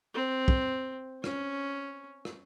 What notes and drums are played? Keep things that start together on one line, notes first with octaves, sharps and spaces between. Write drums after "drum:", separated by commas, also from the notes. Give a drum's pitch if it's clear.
C4
drum: kick
C#4, drum: rim click
drum: rim click